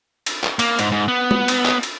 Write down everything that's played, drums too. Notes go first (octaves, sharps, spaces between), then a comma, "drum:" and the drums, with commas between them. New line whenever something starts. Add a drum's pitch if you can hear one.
drum: cymbal
drum: clap
A#3, drum: cymbal
G#2, drum: cymbal
G#2
B3
drum: tom
drum: cymbal
drum: clap
drum: cymbal